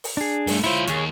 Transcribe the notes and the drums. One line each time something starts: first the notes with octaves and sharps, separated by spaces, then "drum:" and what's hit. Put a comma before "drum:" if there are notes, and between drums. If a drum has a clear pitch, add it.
drum: open hi-hat
D4 G#4
G2 A3, drum: open hi-hat
E4 F4 C5 C#5
D#2 G#4 C#5, drum: hi-hat